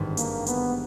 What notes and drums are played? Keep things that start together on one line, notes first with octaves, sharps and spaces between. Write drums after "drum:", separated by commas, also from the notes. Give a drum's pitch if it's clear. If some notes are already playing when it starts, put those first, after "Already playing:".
Already playing: G#1 G2 E3 G3
A#3, drum: hi-hat
B3, drum: hi-hat